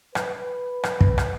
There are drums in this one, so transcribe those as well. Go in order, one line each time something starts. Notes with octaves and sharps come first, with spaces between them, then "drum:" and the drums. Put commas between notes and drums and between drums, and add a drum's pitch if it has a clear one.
B4, drum: rim click
drum: rim click
drum: kick
drum: rim click